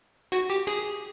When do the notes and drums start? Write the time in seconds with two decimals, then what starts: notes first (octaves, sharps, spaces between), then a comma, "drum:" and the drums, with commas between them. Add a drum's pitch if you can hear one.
0.32 F#4, drum: hi-hat
0.50 G4
0.67 G#4, drum: hi-hat